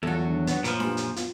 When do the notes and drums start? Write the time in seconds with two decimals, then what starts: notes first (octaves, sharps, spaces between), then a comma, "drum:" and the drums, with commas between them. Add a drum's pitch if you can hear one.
0.03 E2 F#3 G3 F4 A4
0.27 D#3 G3 D4
0.47 F#3 B3, drum: hi-hat
0.64 F#2 A#2 F3 B4, drum: hi-hat
0.80 G4 G#5, drum: snare D4
0.97 drum: hi-hat
1.16 B3 F4, drum: hi-hat